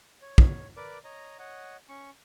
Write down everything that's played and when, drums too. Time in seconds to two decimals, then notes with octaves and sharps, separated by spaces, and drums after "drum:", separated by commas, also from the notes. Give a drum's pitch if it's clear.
0.22 C#5
0.38 drum: kick
0.77 A#4 B4 D5 D6
1.04 C#5 D#5 A#5
1.39 C#5 D#5 F#5
1.89 C#4 C#6